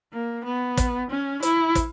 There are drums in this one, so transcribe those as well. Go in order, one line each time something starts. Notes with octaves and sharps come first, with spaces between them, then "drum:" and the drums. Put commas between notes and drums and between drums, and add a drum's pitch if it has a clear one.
A#3
B3
drum: kick, hi-hat
C#4
E4, drum: hi-hat
drum: kick, hi-hat